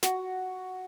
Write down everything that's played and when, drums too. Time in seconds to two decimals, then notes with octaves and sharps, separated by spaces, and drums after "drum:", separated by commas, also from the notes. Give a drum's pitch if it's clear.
0.03 F#4, drum: snare